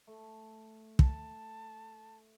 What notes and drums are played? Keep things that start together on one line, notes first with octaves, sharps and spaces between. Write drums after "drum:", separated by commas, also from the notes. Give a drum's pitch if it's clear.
A3
A5, drum: kick